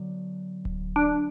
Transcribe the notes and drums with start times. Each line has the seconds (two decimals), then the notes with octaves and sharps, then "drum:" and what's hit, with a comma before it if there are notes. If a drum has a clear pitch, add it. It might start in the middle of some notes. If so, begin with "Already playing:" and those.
Already playing: D3 F#3 B3
0.65 drum: kick D1
0.96 D4